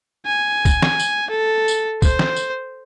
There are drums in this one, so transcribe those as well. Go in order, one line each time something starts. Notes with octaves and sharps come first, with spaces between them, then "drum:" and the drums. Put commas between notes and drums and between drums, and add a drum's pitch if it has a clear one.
G#5
drum: kick, tambourine
drum: snare
drum: tambourine
A4
drum: tambourine
C5, drum: kick, tambourine
drum: snare
drum: tambourine